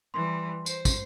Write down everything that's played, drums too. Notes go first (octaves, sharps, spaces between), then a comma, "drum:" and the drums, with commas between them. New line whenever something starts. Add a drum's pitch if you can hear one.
E3 G3 C6
C5, drum: tambourine
drum: kick, tambourine